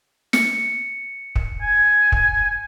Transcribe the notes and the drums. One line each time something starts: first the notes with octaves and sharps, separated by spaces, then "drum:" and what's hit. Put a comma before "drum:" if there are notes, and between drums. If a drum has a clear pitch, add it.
C#7, drum: snare
drum: kick
G#5
drum: kick